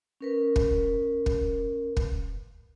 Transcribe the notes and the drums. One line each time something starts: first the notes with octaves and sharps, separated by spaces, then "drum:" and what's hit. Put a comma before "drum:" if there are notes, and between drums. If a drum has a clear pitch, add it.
C#4 A#4 B4
drum: kick
drum: kick
drum: kick